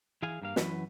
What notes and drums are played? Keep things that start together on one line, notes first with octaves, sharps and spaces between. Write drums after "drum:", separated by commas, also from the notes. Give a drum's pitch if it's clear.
E3 G#4 F5 G#5
G2 A#3 F5
F#2 E3 F#4 B4, drum: snare